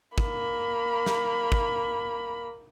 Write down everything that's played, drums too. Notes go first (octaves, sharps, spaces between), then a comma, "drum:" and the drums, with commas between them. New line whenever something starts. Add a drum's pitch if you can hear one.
A#3 B5, drum: kick
drum: snare
drum: kick